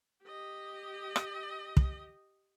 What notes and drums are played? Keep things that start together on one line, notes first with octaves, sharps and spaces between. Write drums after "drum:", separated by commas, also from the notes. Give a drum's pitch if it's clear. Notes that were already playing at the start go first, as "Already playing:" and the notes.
G4 D#5
drum: rim click
drum: kick